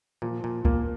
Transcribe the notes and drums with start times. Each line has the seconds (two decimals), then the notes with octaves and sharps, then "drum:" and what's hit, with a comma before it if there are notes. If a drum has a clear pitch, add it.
0.22 A#2 F3
0.44 A#2
0.65 A#2 A#3, drum: kick C2